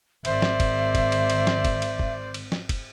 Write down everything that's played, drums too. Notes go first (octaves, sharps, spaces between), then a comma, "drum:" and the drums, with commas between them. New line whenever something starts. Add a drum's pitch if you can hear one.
G#1 C5 D5 E5, drum: cymbal
drum: snare
drum: kick, cymbal
drum: kick, cymbal
drum: cymbal
drum: cymbal
drum: snare
drum: kick, cymbal
drum: cymbal
drum: kick
drum: cymbal
drum: snare
drum: kick, cymbal